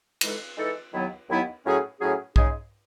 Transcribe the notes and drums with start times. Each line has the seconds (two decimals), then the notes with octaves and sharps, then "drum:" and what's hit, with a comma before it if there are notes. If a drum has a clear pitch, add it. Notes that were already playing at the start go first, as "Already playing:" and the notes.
0.21 E3 G#3 D#4 A4, drum: cymbal
0.57 E3 G#3 D#4 A4
0.93 D#2 D#3 F#3 B3 E4
1.28 D#2 D#3 F#3 B3 E4
1.64 A2 F#3 C#4 G#4
2.00 A2 F#3 C#4 G#4
2.36 C#3 G#3 D#4 G#4, drum: kick